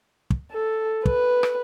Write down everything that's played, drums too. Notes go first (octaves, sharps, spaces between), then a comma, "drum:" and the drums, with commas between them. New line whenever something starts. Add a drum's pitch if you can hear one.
drum: kick
A4
B4, drum: kick
drum: rim click